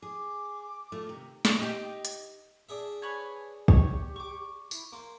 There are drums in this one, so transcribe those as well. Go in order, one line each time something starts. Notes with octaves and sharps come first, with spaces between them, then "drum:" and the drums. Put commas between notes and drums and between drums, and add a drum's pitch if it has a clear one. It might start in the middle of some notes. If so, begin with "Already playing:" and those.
G#4 D6
A3 F4
C3 D#3
drum: snare
D#4 G4
drum: hi-hat
D4 G#4 E5
B4 C#5 G#5
G4 C#5, drum: kick
C#6 D6
E4, drum: tambourine
A#3 C6